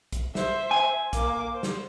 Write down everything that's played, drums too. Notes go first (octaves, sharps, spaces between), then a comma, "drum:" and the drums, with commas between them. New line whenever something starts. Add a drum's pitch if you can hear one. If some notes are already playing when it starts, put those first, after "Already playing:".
drum: kick, hi-hat
C5 E5, drum: snare
G#5
A#3 D6, drum: kick, hi-hat
C5
drum: snare